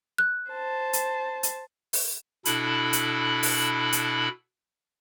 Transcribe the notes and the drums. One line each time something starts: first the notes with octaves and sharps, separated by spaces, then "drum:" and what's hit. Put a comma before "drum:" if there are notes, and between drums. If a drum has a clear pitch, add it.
F#6
C5 A5
drum: hi-hat
drum: hi-hat
drum: open hi-hat
B2 D4 E4 A4 B5, drum: hi-hat
drum: hi-hat
drum: open hi-hat
drum: hi-hat